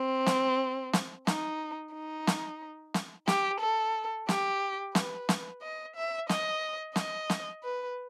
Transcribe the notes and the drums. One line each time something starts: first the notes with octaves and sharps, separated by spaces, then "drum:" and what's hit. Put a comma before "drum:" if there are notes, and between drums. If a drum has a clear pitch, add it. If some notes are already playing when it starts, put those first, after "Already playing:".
Already playing: C4
drum: snare
drum: snare
D#4, drum: snare
D#4
drum: snare
drum: snare
G4, drum: snare
A4
G4, drum: snare
B4, drum: snare
drum: snare
D#5
E5
D#5, drum: snare
D#5, drum: snare
drum: snare
B4